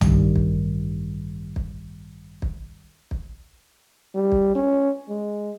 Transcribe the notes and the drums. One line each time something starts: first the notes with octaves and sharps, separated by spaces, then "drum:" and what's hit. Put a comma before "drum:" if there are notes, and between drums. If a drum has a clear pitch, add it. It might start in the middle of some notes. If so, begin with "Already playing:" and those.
A1 G2 D#3 G3, drum: tom
drum: kick
drum: kick
drum: kick
drum: kick
G3
drum: kick
C#4
G#3